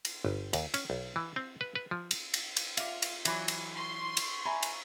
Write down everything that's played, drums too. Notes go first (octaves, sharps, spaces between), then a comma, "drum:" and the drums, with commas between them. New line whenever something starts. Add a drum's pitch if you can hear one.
drum: cymbal
G1
D#2, drum: cymbal
C#4, drum: cymbal
B1
E3
C4
B4
B4
F3
drum: cymbal
drum: cymbal
drum: cymbal
F4 E5 F5 D6, drum: cymbal
drum: cymbal
E3 F#3 E5 B5 D6, drum: cymbal
drum: cymbal
C6 C#6
drum: cymbal
E5 G#5 A#5 B5
drum: cymbal